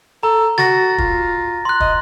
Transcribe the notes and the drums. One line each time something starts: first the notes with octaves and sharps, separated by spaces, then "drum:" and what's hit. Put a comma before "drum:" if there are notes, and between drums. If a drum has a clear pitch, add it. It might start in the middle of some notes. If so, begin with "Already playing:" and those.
A4 A#5
F#4 A6 A#6, drum: snare
F4, drum: kick
C6 F#6
D#5, drum: kick